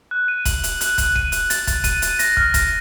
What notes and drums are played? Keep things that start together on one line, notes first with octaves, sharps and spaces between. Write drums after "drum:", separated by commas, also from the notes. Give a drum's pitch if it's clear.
F#6
D#7
F#7, drum: kick, hi-hat
F#7, drum: hi-hat
F#6, drum: hi-hat
F#6, drum: kick, hi-hat
D#7, drum: kick
F#6, drum: hi-hat
A6, drum: hi-hat
A6, drum: kick, hi-hat
D#7, drum: kick, hi-hat
D#7, drum: hi-hat
A#6, drum: hi-hat
F6, drum: kick
A#6, drum: kick, hi-hat